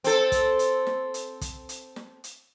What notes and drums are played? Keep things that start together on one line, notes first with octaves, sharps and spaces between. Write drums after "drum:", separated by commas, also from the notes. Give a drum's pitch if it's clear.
C4 A4, drum: hi-hat
drum: kick, hi-hat
drum: hi-hat
drum: snare
drum: hi-hat
drum: kick, hi-hat
drum: hi-hat
drum: snare
drum: hi-hat